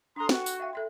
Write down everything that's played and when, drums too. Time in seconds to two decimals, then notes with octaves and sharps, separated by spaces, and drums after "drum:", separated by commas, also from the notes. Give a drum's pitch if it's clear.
0.16 D4 A4 A#5 C6 D#6
0.29 F#4 G5, drum: snare
0.46 drum: tambourine
0.60 E5 F5 G5
0.73 A4 E5 C6